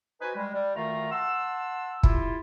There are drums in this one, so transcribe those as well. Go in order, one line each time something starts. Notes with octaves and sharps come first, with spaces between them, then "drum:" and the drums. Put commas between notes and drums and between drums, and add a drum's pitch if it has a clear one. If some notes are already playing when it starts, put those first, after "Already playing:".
D#4 F#4 B4 C5 G#5
G3 G#3
G3
D2 D#3 A3 F4 F5 A#5
F#5 A5 C6 E6
E4 F4 G4, drum: kick